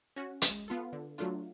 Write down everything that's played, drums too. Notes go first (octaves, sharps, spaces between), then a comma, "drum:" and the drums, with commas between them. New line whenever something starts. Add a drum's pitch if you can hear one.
C#4 F#4
G#3, drum: hi-hat
B3 F4 A4
D3
F#3 A3 D4 F4